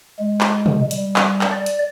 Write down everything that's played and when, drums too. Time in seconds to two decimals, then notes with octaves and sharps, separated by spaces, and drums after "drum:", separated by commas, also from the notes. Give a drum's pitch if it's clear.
0.19 G#3
0.41 drum: clap
0.66 drum: tom
0.91 G3, drum: hi-hat
1.16 drum: clap
1.41 drum: clap
1.52 D5
1.66 drum: hi-hat